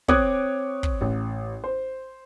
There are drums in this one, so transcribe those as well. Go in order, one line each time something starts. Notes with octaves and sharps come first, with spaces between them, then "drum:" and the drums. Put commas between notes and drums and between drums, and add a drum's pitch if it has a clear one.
C4 C#5 D6 D#6 F#6 G#6, drum: kick
drum: kick
A1
C5